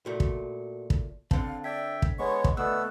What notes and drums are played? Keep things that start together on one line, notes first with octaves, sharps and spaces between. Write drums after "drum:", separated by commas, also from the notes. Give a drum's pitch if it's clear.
A#2 A3 F#4
drum: kick
drum: kick
D3 C4 F5 A5, drum: kick
D5 E5 G5 G#6 B6
drum: kick
G#3 B3 C#5 C#6
drum: kick
D2 A3 B3 D#5 C#6 E6 F#6